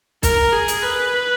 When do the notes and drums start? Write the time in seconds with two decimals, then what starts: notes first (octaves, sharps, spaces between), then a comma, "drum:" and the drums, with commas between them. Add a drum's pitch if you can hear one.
0.23 A#4, drum: kick, hi-hat
0.53 G#4
0.68 drum: hi-hat
0.83 B4